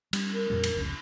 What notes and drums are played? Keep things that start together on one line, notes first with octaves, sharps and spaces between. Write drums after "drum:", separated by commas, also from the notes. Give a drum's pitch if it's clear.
G3, drum: cymbal
A#4
F2 A#2 G3
drum: cymbal
F1 C#2